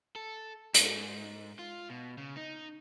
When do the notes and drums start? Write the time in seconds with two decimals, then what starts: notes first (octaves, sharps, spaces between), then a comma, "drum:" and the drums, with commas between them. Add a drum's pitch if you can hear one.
0.16 A4
0.74 G#2, drum: hi-hat
1.59 F4
1.90 B2
2.18 C#3
2.37 D#4